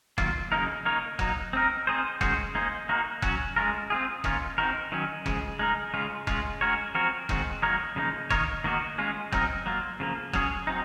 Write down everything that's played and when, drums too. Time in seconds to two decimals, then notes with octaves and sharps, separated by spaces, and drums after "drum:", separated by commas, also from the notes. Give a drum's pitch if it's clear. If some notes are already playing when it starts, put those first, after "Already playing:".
0.18 D#3 F#3 A#3 F4, drum: kick F1
0.52 C#3 F#3 A#3 D#4 A#4
0.85 A#3 D#4 A#4 C#5
1.19 F#3 A#3 D#4, drum: kick F1
1.53 C4 D#4 A#4
1.87 C4 D#4 G#4 C5
2.21 D#3 G#3 C#4 F#4 C5, drum: kick F1
2.55 A#3 D#4 G#4 C5
2.89 A#3 D#4 F#4 A#4
3.22 F#3 C#4 F#4, drum: kick F1
3.56 G#3 C#4 F4 A#4
3.90 C4 F4 G#4
4.24 D#3 A#3 C#4 F4, drum: kick F1
4.58 C4 D#4 F#4 A#4
4.92 D#3 F#3 C#4
5.26 C#3 F3 G#3, drum: kick F1
5.59 G#3 D#4 A#4
5.94 C#3 G#3 C#4 F4
6.27 G#3 C#4 F4, drum: kick F1
6.61 G#3 C#4 F#4 A#4 C#5
6.95 F3 C4 F#4 A#4 C#5
7.29 D#3 G#3 C4 F#4, drum: kick F1
7.62 F#3 A#3 D#4 A#4 C#5
7.96 C#3 F3 A#3 D#4
8.31 D#3 A#3 D#4 A#4 C#5, drum: kick F1
8.64 D#3 A#3 D#4 F#4
8.98 G#3 C#4 F4
9.33 F#3 C4 D#4 A#4, drum: kick F1
9.66 F#3 A#3 F4
10.00 C#3 F3 A#3
10.34 F#3 C#4 G#4 C#5, drum: kick F1
10.67 F#3 C4 D#4